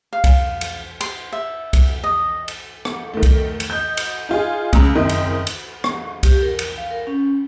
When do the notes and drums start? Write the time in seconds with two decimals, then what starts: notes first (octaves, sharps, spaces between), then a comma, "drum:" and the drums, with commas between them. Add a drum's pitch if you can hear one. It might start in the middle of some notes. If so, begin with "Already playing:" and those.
0.13 F5
0.24 drum: kick C2, cymbal
0.61 drum: cymbal
1.01 C6, drum: cymbal
1.32 E5
1.73 drum: kick C2, cymbal
2.04 D#5
2.48 drum: cymbal
2.85 drum: rim click
3.14 D#3 A3
3.23 drum: kick C2, cymbal
3.60 drum: cymbal
3.70 D#5 G6
3.97 drum: cymbal
4.29 D#4 F4 G#4
4.73 C#2 C#3 A#5, drum: kick C2, cymbal
4.95 F#1 D#3 C4 D#4 E4 D#5
5.09 drum: cymbal
5.47 drum: cymbal
5.84 drum: rim click
6.23 G4, drum: kick C2, cymbal
6.41 A#4
6.59 drum: cymbal
6.77 F5
6.91 A#4
7.07 C#4